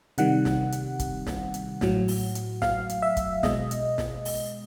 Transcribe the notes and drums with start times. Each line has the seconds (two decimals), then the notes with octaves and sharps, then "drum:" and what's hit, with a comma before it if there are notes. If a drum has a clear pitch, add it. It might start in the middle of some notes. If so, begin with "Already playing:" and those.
0.18 C3 D#3 G3 F#5, drum: hi-hat
0.45 drum: snare
0.72 drum: hi-hat
0.99 drum: kick, hi-hat
1.27 drum: snare
1.54 drum: hi-hat
1.81 A2 F#3, drum: snare
2.08 drum: open hi-hat
2.35 drum: hi-hat
2.62 F5, drum: snare
2.89 drum: hi-hat
3.02 E5
3.17 drum: kick, hi-hat
3.43 B2 G#3 D#5, drum: snare
3.71 drum: hi-hat
3.98 drum: snare
4.25 drum: open hi-hat